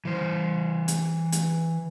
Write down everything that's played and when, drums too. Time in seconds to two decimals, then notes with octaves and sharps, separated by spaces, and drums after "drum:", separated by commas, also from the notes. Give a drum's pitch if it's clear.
0.05 E3 C5
0.88 drum: hi-hat
1.32 drum: hi-hat